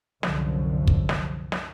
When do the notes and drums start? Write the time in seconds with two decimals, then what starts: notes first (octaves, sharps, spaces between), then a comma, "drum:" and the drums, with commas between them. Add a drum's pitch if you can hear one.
0.23 C2 F#2 D3 F3, drum: snare
0.88 drum: kick
1.09 drum: snare
1.52 drum: snare